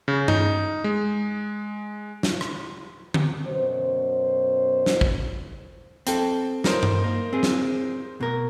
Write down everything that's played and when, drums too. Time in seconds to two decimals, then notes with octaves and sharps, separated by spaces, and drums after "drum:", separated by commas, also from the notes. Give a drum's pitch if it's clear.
0.08 C#3
0.28 D#4, drum: tom G2
0.84 G#3
2.23 drum: snare
2.41 drum: rim click
3.14 drum: tom D3
3.46 F#2 B2 C5
4.86 drum: snare
5.01 drum: kick
6.07 C4 A4 G5, drum: hi-hat
6.64 D#4 A#4 C5, drum: snare
6.83 drum: tom G2
7.04 A#3
7.33 C4 G#4
7.43 drum: snare
8.21 B2 A#4